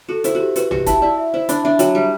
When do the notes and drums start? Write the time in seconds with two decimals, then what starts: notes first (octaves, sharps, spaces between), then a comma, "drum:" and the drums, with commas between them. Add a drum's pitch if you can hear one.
0.08 F#4 A4
0.24 E4 C5, drum: hi-hat
0.35 F#4
0.40 G4
0.56 F#4 B4, drum: hi-hat
0.71 F#4 G4, drum: tom
0.86 E4 A5, drum: kick F#1, hi-hat
1.02 E4 D5
1.18 E5
1.33 E4 C5
1.49 D4 B5, drum: hi-hat
1.64 D4 E5
1.79 F#3 G5, drum: hi-hat
1.95 G3 E5